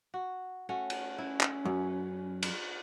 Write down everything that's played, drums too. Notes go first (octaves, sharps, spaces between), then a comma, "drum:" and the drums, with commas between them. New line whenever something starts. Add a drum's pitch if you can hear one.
F#4
A3 C#4 F#4
drum: cymbal
C#4 E4
drum: clap
F#2
drum: cymbal